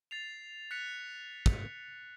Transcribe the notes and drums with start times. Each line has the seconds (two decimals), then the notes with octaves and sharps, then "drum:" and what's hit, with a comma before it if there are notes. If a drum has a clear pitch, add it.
0.11 A6 C7 F7
0.71 F#6 B6 C#7 F7
1.46 drum: kick